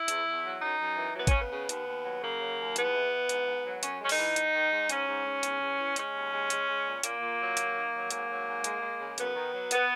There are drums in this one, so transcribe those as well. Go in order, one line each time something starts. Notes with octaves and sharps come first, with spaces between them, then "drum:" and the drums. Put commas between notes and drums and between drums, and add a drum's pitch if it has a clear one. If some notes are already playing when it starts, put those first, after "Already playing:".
Already playing: E4
E2, drum: hi-hat
E2
F#3
F#2 D#4
F#2
E3
F#3 B3
C#4, drum: kick, hi-hat
C#3
B3
C#3
D#2, drum: hi-hat
D#2
F#3
C#3 A#3
F#3
D#2
E2 B3, drum: hi-hat
E3
E3
G#2, drum: hi-hat
G#2
F#3
F#2 C#4, drum: hi-hat
G#3 C#4
D#4, drum: open hi-hat
E3
G#2, drum: hi-hat
D#3
G#2
G#2 C#4, drum: hi-hat
G#2
G#2
E2, drum: hi-hat
E2
E2
G#3 C#4, drum: hi-hat
D#2
G#3
G#3, drum: hi-hat
G#3
A#2
A#2 A#3, drum: hi-hat
A#2
F#3
D#2, drum: hi-hat
D#3
F#3
G#2 A#3, drum: hi-hat
F#3
G#2
G#3, drum: hi-hat
G#3
C#3
F#2 B3, drum: hi-hat
D#3
F#3
B3, drum: hi-hat